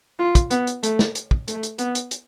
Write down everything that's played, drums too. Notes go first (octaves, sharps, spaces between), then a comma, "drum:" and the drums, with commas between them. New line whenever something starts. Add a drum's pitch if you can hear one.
F4
drum: kick, hi-hat
B3, drum: hi-hat
drum: hi-hat
A3, drum: hi-hat
drum: snare
drum: hi-hat
drum: kick
A3, drum: hi-hat
drum: hi-hat
B3, drum: hi-hat
drum: hi-hat
drum: hi-hat